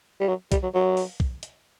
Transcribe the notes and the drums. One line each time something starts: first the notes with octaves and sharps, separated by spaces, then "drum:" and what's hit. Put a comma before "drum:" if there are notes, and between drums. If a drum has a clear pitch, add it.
G3
F#3
G3, drum: kick B1, hi-hat
F#3
F#3
drum: open hi-hat
drum: kick B1
drum: hi-hat